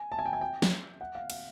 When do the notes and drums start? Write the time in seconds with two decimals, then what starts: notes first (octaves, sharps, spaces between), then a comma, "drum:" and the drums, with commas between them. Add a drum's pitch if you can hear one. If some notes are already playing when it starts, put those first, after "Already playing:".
Already playing: G#5
0.12 A5
0.19 G#5
0.26 G5
0.33 G#5
0.41 G5
0.62 drum: snare
1.01 F#5
1.15 F5
1.30 F5, drum: cymbal